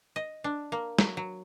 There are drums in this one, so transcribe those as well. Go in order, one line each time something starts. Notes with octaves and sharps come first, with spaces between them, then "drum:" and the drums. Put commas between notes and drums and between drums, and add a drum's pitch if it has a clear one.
D#5
D4
A#3
F#3, drum: snare
F#3